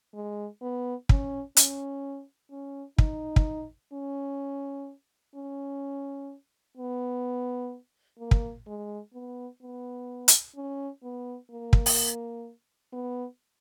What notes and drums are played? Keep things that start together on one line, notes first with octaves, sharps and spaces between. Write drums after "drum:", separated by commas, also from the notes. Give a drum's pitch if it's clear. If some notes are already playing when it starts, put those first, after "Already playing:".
G#3
B3
C#4, drum: kick
C#4, drum: hi-hat
C#4
D#4, drum: kick
drum: kick
C#4
C#4
B3
A#3
drum: kick
G#3
B3
B3
drum: hi-hat
C#4
B3
A#3
drum: kick
drum: open hi-hat
B3